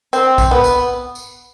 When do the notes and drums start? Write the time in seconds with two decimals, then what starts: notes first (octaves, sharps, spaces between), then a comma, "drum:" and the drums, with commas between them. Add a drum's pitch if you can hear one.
0.13 C4, drum: tambourine
0.38 drum: kick, tambourine
0.51 B3
0.64 drum: tambourine
1.15 drum: tambourine